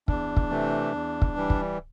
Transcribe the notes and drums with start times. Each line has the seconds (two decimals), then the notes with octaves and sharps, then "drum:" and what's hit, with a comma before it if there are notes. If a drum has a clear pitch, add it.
0.08 E2 D4, drum: kick
0.37 drum: kick
0.50 C3 E3 A3
0.93 E2
1.22 drum: kick
1.36 E3 G3
1.50 drum: kick